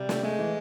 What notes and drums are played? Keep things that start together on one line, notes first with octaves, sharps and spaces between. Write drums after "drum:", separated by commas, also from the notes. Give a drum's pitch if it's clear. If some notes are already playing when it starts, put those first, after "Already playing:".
Already playing: C3 G3
A3, drum: snare
G#3 A3
E3